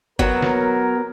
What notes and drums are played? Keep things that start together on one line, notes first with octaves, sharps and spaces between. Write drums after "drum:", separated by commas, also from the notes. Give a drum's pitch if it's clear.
F#3 B3 A#4, drum: kick
drum: snare